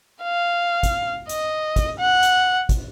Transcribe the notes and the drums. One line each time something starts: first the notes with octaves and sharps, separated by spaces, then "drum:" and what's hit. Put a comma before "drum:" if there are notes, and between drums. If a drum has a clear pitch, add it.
F5
drum: kick, hi-hat
D#5, drum: hi-hat
drum: kick, hi-hat
F#5
drum: hi-hat
drum: kick, hi-hat